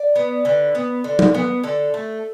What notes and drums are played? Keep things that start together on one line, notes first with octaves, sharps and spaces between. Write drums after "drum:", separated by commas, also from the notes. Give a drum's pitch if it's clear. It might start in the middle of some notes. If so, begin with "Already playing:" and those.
Already playing: D5
B3
D3 B4
B3
D3
drum: tom F#3
B3
D3 A4
A3